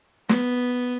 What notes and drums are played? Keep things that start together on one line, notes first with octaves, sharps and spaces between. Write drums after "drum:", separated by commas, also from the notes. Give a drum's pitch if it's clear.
B3, drum: snare